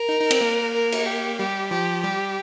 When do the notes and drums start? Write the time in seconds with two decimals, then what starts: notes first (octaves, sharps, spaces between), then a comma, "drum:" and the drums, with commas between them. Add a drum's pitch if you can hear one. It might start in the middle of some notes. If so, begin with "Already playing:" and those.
Already playing: A#4
0.09 D#4
0.20 D#4
0.30 C4, drum: cymbal
0.41 A#3
0.74 A#4
0.92 drum: cymbal
1.06 G4
1.39 G3 G4
1.71 F3 G4
2.04 G3 G4